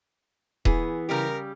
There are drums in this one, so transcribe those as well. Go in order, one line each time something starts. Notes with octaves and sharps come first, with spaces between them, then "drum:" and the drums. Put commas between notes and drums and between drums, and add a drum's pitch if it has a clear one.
E3 B3 G#4, drum: kick D#1
C#3 G3 G4 A#4